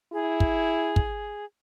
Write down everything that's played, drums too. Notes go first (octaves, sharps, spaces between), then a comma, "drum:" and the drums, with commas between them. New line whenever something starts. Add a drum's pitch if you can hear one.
E4 G#4
drum: kick
drum: kick